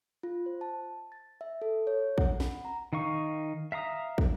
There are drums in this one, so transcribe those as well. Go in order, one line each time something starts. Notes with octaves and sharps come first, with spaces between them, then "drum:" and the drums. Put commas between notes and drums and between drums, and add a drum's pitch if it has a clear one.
F4
C5
A5
A6
E5
A4
C#5
F#5, drum: kick
B5, drum: snare
A#5
D#3 D#4 F5 C#6
E5 F5 A#5 D#6
drum: kick